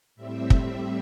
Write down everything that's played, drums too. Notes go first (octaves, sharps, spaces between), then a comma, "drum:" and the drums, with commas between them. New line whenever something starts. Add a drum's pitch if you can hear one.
A2 G3 C4 E5
drum: kick